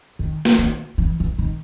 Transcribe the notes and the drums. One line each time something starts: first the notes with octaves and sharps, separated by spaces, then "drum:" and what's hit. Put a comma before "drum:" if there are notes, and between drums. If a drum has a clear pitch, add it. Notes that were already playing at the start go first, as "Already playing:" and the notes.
D#3
drum: snare
D#3
E3
E3
D#3